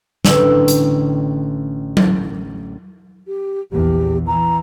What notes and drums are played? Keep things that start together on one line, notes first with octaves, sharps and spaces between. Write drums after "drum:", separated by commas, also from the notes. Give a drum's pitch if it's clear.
A1 D3 C#4 G5 E6, drum: snare
drum: hi-hat
drum: tom F#3
G4
A#1 E2 G4
E3 A#5